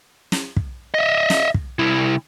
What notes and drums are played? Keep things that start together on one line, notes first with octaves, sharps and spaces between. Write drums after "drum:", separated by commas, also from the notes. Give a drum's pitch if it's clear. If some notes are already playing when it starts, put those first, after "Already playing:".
drum: snare
drum: kick
D#5 E5
drum: snare
drum: kick
C2 E4